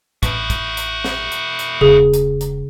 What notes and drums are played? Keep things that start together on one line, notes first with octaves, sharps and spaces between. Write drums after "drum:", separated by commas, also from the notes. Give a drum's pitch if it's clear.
A1 E4 F#4, drum: kick A#1, hi-hat
drum: kick A#1, hi-hat
drum: hi-hat
drum: snare
drum: hi-hat
drum: hi-hat
E1 C#3 G#4
drum: hi-hat
drum: hi-hat